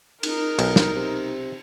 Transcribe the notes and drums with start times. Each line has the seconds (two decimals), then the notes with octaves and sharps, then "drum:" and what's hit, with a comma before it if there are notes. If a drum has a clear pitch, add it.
0.23 D#4 A#4, drum: cymbal
0.59 B1, drum: cymbal
0.76 drum: snare
0.96 C3